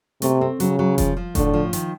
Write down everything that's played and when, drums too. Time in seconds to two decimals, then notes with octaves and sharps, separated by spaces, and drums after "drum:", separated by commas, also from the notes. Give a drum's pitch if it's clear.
0.22 C3 A3, drum: hi-hat
0.41 C4
0.60 C#3 F#3, drum: hi-hat
0.79 F#3
0.98 F3, drum: kick F1, hi-hat
1.17 F3
1.35 A2 D3, drum: kick F1, hi-hat
1.54 F3
1.73 D#3, drum: hi-hat